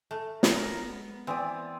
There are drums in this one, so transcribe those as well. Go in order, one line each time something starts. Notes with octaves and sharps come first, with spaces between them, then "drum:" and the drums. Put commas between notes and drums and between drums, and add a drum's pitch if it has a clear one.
A3
A#4, drum: snare
G#3 B3
E3 B3 C4 D5 D#6